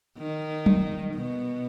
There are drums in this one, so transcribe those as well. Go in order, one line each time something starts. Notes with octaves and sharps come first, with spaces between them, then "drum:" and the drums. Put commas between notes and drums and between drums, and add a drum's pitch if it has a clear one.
D#3
drum: tom F#3
B2